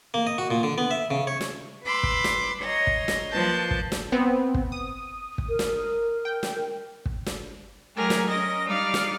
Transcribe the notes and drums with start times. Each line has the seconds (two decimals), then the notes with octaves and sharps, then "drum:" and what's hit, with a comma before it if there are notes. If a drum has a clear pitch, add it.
0.14 A#3
0.27 D#5
0.38 F#4
0.51 A#2
0.63 D3
0.78 B3
0.91 E5
1.11 C#3
1.27 C#5
1.41 drum: snare
1.83 B4 B5 C6 D6 E6
2.03 drum: kick
2.24 drum: snare
2.61 C#5 D#5 A#5 C6
2.87 drum: kick
3.08 drum: snare
3.31 F3 A#3 B4 A5 G6
3.71 drum: kick
3.92 drum: snare
4.12 B3 C4
4.54 drum: kick
4.72 D#6
5.38 drum: kick
5.49 A#4
5.59 drum: snare
6.25 G5
6.43 drum: snare
7.06 drum: kick
7.26 drum: snare
7.96 F#3 A3 G4 G#4 A#4
8.10 drum: snare
8.28 C#4 A#4 D#5 A#6
8.66 G3 D#4 D5 F5
8.94 drum: snare